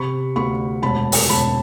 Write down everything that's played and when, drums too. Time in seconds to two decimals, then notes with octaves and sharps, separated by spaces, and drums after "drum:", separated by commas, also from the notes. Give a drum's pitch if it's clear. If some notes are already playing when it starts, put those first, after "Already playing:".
Already playing: C3 B5 C#6
0.36 D2 B5 C#6
0.82 E1 A5 B5
1.12 drum: open hi-hat
1.29 E1 A5 B5